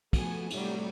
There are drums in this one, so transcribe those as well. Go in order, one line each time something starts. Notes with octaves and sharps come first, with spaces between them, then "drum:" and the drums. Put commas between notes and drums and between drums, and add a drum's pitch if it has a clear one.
F3 A3 B3 F#4 G#5, drum: kick, cymbal
A2 C3 F#3 G3 A3, drum: cymbal